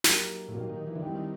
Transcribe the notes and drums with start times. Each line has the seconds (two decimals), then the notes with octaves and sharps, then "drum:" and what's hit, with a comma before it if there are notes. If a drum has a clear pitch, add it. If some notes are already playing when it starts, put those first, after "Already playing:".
0.04 F#3 A#3 D#4 G4, drum: snare
0.48 A2
0.53 A#2 F#3 A#3 D#4 G4
0.70 D#3
0.87 E3
0.95 D3
1.02 D#3 G3 C4 E4 G4